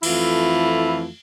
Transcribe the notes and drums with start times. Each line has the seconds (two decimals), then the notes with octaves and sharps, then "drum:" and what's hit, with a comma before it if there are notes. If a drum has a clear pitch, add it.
0.03 F2 E3 A3 E4 F4, drum: cymbal